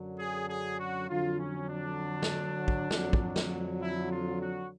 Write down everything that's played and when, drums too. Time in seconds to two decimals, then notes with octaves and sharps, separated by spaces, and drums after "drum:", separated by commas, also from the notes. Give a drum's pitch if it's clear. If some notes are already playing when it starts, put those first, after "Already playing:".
Already playing: F#2 D3 F#3
0.19 G#4
0.49 G#4
0.80 F#4
1.09 F2 D3 F#3 F4
1.39 C#4
1.69 D4
2.23 drum: snare
2.68 drum: kick
2.91 F2 D3 F#3, drum: snare
3.13 drum: kick
3.36 drum: snare
3.81 E4
4.11 F4
4.41 F#4